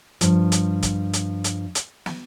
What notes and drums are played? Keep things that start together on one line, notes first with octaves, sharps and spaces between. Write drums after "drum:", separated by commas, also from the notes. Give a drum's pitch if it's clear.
G2 F3, drum: hi-hat
drum: hi-hat
drum: kick, hi-hat
drum: hi-hat
drum: hi-hat
drum: hi-hat
drum: snare